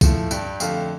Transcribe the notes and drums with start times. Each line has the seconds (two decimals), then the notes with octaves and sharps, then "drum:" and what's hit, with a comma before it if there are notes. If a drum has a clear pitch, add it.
0.01 A2 F3 A3, drum: kick, tambourine
0.31 G2 G3, drum: tambourine
0.60 F2 D3 A3 F5, drum: tambourine